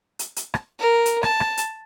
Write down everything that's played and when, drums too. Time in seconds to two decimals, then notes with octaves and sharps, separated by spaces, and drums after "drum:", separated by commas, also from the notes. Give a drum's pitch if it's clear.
0.19 drum: hi-hat
0.36 drum: hi-hat
0.54 drum: rim click
0.79 A#4
1.06 drum: hi-hat
1.23 A5, drum: rim click
1.40 drum: rim click
1.57 drum: hi-hat